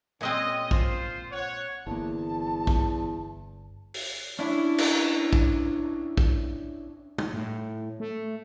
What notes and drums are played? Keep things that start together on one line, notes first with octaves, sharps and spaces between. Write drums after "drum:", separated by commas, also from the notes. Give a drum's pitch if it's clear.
A#2 G#3 C4 C#4 D#5
F4 C5, drum: kick
C#5 F#5
G1 E2 A#3 A5
drum: kick
drum: open hi-hat
C#4 D4 E4
drum: cymbal
drum: kick
drum: kick
drum: tom
A2
A3